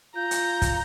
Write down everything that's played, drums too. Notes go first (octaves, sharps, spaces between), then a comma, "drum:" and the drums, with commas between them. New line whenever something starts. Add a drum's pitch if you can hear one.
F4 A#5 G6
drum: hi-hat
drum: kick, hi-hat